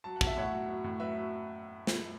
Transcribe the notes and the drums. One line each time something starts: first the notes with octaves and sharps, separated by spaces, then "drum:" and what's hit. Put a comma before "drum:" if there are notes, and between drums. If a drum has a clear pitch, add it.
F#3 A5
F#5
F#3, drum: kick
E5
A2 C#5 F#5
F#3
F#3
A2
F#3 B4 E5
F#3
drum: snare